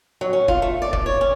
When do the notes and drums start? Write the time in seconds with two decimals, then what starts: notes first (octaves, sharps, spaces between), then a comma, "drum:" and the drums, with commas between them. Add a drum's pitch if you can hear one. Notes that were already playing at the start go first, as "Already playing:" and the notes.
0.21 F#3
0.33 C#4
0.48 F4, drum: kick
0.62 A3
0.82 D5
0.93 D5, drum: kick
1.06 C#5
1.21 C#4